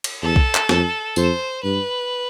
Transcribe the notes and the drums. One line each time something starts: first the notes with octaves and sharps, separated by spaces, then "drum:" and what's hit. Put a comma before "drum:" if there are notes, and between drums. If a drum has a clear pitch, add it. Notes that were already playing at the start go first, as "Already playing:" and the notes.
drum: cymbal
E2 A4
drum: kick B1
drum: clap
F2, drum: snare
F2 C5, drum: tambourine
G2 B4